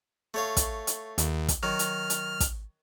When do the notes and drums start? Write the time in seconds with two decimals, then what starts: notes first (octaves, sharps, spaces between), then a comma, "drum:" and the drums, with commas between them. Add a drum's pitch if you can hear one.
0.34 A3 C#5 F5
0.57 drum: kick, hi-hat
0.87 drum: hi-hat
1.18 D#2, drum: hi-hat
1.48 drum: kick, hi-hat
1.63 D#3 F#3 F6
1.79 drum: hi-hat
2.10 drum: hi-hat
2.40 drum: kick, hi-hat